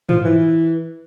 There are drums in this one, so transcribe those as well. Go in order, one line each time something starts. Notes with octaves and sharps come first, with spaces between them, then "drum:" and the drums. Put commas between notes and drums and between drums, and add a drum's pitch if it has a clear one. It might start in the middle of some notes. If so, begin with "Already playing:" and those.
F3, drum: tom G#2
E3